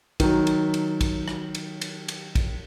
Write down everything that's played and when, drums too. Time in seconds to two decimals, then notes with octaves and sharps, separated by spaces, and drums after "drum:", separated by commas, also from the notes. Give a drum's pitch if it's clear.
0.20 D#3 F#3, drum: kick, cymbal
0.47 drum: cymbal
0.74 drum: cymbal
1.01 drum: kick, cymbal
1.28 drum: rim click
1.55 drum: cymbal
1.82 drum: cymbal
2.08 drum: cymbal
2.35 drum: kick, cymbal